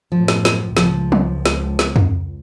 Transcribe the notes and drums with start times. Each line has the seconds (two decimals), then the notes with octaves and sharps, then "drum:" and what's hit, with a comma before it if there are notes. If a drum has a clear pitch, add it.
0.12 F#2 A2 F3
0.28 drum: snare
0.45 drum: snare
0.77 C#2 F3, drum: snare
1.12 drum: tom
1.46 drum: snare
1.79 drum: snare
1.96 drum: tom F2